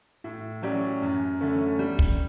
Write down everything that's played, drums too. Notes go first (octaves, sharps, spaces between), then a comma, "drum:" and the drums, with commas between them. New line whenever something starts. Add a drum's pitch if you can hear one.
A2
F#3 C#4 G4 D5
F#2
D3 A3 C#4
G3
drum: kick